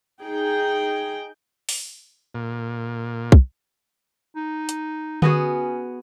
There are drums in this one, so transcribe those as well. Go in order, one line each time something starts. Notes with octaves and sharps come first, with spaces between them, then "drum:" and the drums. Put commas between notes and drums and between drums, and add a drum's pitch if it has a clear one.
D#4 G#4 G5
drum: open hi-hat
A#2
drum: kick
D#4
drum: hi-hat
B3 C#4 F#4 G#4, drum: tom D3